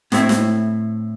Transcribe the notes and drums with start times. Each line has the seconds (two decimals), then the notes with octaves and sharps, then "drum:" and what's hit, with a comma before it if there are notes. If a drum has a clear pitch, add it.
0.12 A2 A3 C4 E4, drum: snare
0.29 drum: snare